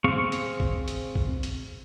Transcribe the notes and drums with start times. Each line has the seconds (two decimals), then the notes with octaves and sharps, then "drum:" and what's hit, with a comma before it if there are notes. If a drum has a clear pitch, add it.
0.04 C4 G#4 F5 C#6
0.32 drum: hi-hat
0.60 drum: kick
0.88 drum: hi-hat
1.15 drum: kick
1.43 drum: hi-hat